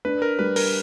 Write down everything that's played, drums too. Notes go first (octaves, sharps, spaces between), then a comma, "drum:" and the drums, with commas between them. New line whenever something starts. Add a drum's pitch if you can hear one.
D4 B4
A#4
G3 B4
A#4, drum: open hi-hat